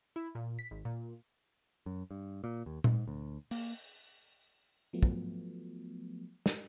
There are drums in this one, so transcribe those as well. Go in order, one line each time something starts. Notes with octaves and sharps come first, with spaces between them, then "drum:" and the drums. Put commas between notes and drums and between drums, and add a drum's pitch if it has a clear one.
E4
A#2
B6
G#1
A#2
F#2
G2
A#2
D#2
G#2, drum: tom A#2
D2
A#3, drum: open hi-hat
F3 F#3 A3 B3
drum: kick
drum: snare